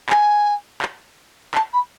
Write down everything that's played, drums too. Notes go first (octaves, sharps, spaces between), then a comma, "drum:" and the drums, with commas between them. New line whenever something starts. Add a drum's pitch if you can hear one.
G#5, drum: clap
drum: clap
A5, drum: clap
B5